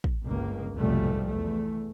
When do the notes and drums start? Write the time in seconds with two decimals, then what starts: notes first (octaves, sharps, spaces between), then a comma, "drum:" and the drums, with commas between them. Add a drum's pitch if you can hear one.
0.04 drum: kick
0.24 G1 C#2 A#3
0.76 F1 B1 G#2 F3 G3 A3
1.26 E2 A3